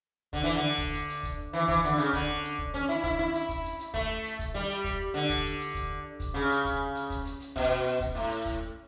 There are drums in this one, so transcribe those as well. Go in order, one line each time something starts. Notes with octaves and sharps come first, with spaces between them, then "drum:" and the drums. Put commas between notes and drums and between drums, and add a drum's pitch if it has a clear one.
D3, drum: kick, hi-hat
E3
D3
drum: kick, hi-hat
drum: hi-hat
drum: hi-hat
drum: kick, hi-hat
E3, drum: hi-hat
E3, drum: kick
D3, drum: hi-hat
C#3, drum: hi-hat
D3, drum: kick, hi-hat
drum: hi-hat
drum: kick
C#4, drum: hi-hat
E4, drum: hi-hat
E4, drum: kick, hi-hat
E4
E4, drum: hi-hat
drum: kick, hi-hat
drum: hi-hat
drum: hi-hat
A3, drum: kick, hi-hat
drum: hi-hat
drum: kick, hi-hat
G3, drum: hi-hat
drum: hi-hat
drum: kick, hi-hat
D3, drum: hi-hat
drum: kick, hi-hat
drum: hi-hat
drum: hi-hat
drum: kick, hi-hat
drum: kick, hi-hat
C#3, drum: hi-hat
drum: hi-hat
drum: kick, hi-hat
drum: hi-hat
drum: kick, hi-hat
drum: hi-hat
drum: hi-hat
B2, drum: kick, hi-hat
drum: hi-hat
drum: kick, hi-hat
A2, drum: hi-hat
drum: hi-hat
drum: kick, hi-hat